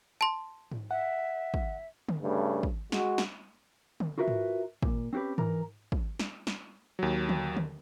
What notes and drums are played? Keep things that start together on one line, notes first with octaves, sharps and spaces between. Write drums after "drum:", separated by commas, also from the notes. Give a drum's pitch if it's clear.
A5 C6
drum: tom G#2
E5 F#5
drum: kick
drum: tom D3
G2 C#3 A3
drum: kick
G#3 F#4, drum: snare
drum: snare
drum: tom D3
F4 F#4 A#4 B4 E5
drum: tom G#2
A#2, drum: kick
C4 C#4 F#4 G4 B4
E3 A#4 A#5, drum: tom G#2
drum: kick
drum: snare
drum: snare
D#2 F#3
drum: tom D3
drum: tom D3